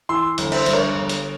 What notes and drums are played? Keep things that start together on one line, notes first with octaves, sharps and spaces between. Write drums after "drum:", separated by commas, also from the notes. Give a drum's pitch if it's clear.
E3 C6 E6
G1, drum: hi-hat
C5 E5, drum: cymbal
G2, drum: hi-hat
A#4 C#5
G1
drum: hi-hat